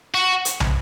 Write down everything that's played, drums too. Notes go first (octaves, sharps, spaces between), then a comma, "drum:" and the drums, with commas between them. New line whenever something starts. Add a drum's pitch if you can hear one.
F#4
drum: hi-hat
drum: tom